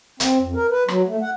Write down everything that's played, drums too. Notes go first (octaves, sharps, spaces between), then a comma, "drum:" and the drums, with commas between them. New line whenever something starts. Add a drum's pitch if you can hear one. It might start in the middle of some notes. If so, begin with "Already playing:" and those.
C4, drum: hi-hat
F2
A#4
B4
F#3, drum: rim click
A3
F#5